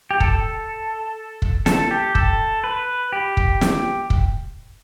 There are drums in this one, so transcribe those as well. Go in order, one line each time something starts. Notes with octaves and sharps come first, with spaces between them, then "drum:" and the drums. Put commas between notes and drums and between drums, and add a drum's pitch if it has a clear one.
G4
A4, drum: kick
drum: kick
A4, drum: snare
G4
A4, drum: kick
B4
G4
drum: kick
drum: snare
drum: kick